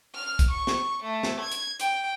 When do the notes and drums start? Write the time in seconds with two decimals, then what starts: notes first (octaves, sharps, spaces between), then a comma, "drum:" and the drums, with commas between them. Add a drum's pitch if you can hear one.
0.15 F6
0.39 drum: kick, hi-hat
0.51 C#6
0.67 drum: snare
1.04 A3
1.23 drum: snare
1.40 G#6
1.52 drum: hi-hat
1.80 G5, drum: hi-hat